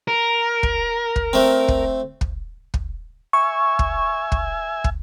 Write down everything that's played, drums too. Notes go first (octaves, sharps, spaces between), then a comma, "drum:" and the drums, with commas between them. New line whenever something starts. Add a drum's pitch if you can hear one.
A#4
drum: kick
drum: kick
A3 C4
drum: kick
drum: kick
drum: kick
E5 G#5 C#6
drum: kick
drum: kick
drum: kick